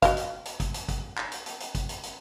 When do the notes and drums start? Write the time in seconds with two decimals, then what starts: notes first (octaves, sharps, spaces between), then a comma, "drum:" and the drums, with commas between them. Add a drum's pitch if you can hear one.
0.02 F#4 D#5 F5, drum: kick, hi-hat
0.17 drum: hi-hat
0.45 drum: hi-hat
0.60 drum: kick, hi-hat
0.74 drum: hi-hat
0.89 drum: kick, hi-hat
1.17 drum: clap
1.32 drum: hi-hat
1.46 drum: hi-hat
1.60 drum: hi-hat
1.75 drum: kick, hi-hat
1.89 drum: hi-hat
2.03 drum: hi-hat